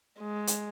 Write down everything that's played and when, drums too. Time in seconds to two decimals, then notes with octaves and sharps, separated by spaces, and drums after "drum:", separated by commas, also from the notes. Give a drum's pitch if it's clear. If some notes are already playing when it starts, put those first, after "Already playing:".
0.19 G#3
0.47 drum: hi-hat